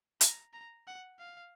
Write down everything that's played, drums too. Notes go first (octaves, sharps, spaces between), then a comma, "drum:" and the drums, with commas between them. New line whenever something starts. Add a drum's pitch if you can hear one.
A#5, drum: hi-hat
A#5
F#5
F5